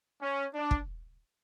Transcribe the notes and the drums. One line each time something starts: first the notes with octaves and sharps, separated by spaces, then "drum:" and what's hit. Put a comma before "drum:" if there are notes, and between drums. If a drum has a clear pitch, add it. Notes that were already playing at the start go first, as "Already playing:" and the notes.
C#4
D4
drum: kick